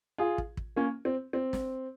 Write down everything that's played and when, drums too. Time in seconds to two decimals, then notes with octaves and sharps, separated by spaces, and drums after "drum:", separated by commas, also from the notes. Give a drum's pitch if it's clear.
0.19 F4 G#4
0.38 drum: kick
0.57 drum: kick
0.76 A#3 C#4
1.05 C4
1.33 C4
1.53 drum: snare